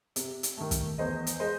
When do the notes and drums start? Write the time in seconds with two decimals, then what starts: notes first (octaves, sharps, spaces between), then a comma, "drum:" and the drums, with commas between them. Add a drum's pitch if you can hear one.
0.16 C3, drum: hi-hat
0.43 drum: hi-hat
0.57 D#3 A3
0.71 drum: kick, hi-hat
0.98 E2 C5 D#5
1.27 drum: hi-hat
1.40 G#3 C5 D#5